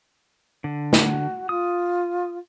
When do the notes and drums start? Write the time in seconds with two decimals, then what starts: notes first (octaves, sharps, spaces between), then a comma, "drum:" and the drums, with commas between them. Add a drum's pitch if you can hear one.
0.64 D3
0.93 F#4, drum: snare
1.49 F4 D#6